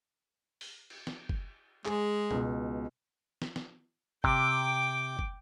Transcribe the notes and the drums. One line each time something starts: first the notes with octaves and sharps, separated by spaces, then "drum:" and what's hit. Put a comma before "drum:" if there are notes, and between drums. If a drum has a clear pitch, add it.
drum: open hi-hat
drum: cymbal
drum: snare
drum: kick
G#3 G#4, drum: clap
C#2 B2, drum: tom B2
drum: snare
drum: snare
C3 G5 D6, drum: kick
drum: kick